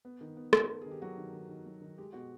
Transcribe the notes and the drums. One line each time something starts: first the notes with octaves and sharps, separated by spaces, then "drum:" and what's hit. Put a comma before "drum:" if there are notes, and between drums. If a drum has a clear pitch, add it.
B3
D#3
B3
B3, drum: rim click
A#4
B3 A4
D#3 G#4
G4
F#3 F#4
D#3
D#3
D#3
F#3
D#3
G#3 G4
B2 F#4